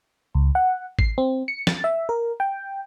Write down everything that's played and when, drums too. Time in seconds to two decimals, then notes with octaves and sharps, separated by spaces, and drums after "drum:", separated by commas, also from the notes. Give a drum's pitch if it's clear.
0.35 C#2
0.55 F#5
0.99 C7, drum: kick G#1
1.18 C4
1.48 C#7
1.67 A6, drum: snare
1.84 E5
2.09 A#4
2.40 G5